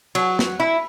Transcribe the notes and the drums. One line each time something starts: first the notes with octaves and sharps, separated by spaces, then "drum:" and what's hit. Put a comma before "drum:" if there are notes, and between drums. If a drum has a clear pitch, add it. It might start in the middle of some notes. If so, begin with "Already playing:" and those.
F#3, drum: cymbal
drum: snare
E4